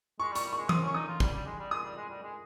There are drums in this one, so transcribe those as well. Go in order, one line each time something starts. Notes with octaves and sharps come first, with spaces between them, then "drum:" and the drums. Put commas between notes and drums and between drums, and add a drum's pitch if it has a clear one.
G#3 C#6
G3
C#6, drum: hi-hat
G3
G#3 C#6
C4 D#6, drum: tom E3
C#4
C#6
D#4 D#6
F4
G3, drum: kick
G3
G#3
G3
G#3 D#6
G3
G#3
G3
G#3